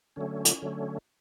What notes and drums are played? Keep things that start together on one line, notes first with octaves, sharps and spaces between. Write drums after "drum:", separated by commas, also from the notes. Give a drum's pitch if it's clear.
D3 F#3 A3 C#4
drum: hi-hat
D3 F#3 A3